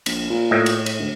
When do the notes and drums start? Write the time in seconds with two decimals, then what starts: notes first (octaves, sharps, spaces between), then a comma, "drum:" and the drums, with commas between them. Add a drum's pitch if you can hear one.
0.06 A#1, drum: cymbal
0.30 A#2
0.51 A2 D#5
0.66 drum: cymbal
0.86 drum: cymbal
0.99 D2